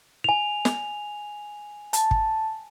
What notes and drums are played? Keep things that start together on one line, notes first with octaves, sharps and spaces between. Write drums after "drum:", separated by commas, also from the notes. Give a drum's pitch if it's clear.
G#5 F7
drum: snare
A5, drum: hi-hat
drum: kick